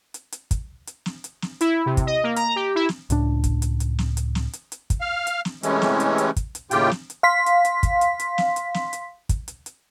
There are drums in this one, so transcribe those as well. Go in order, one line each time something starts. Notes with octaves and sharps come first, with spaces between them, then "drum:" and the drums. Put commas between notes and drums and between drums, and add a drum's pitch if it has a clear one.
drum: hi-hat
drum: hi-hat
drum: kick, hi-hat
drum: hi-hat
drum: snare
drum: hi-hat
drum: snare
E4, drum: hi-hat
C3
drum: kick, hi-hat
D#5
A#3
A#5, drum: hi-hat
G4
E4
drum: snare
C#2 A2 D4, drum: hi-hat
drum: kick, hi-hat
drum: hi-hat
drum: hi-hat
drum: snare
drum: hi-hat
drum: snare
drum: hi-hat
drum: hi-hat
drum: kick, hi-hat
F5
drum: hi-hat
drum: snare
C3 E3 G#3 A3 C#4, drum: hi-hat
drum: snare
drum: hi-hat
drum: hi-hat
drum: kick, hi-hat
drum: hi-hat
D#2 A2 C#3 F4 G4 G5, drum: hi-hat
drum: snare
drum: hi-hat
F5 C6 B6
drum: hi-hat
drum: hi-hat
drum: kick, hi-hat
drum: hi-hat
drum: hi-hat
drum: snare
drum: hi-hat
drum: snare
drum: hi-hat
drum: kick, hi-hat
drum: hi-hat
drum: hi-hat